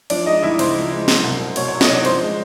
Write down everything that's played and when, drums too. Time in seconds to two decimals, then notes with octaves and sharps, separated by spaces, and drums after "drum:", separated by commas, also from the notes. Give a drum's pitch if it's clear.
0.10 F3 D4 D5, drum: cymbal
0.26 G#3 D#4 D#5
0.42 D2 E4 E5
0.59 C#3 C5, drum: cymbal
0.76 F3
0.92 G#3
1.08 F#3, drum: snare
1.24 C2
1.40 C2
1.56 B2 C#5, drum: cymbal
1.68 F#3 C#5
1.81 D#4 D#5, drum: snare
1.90 C2 D4 D5
2.05 F3 C5, drum: cymbal
2.21 G#3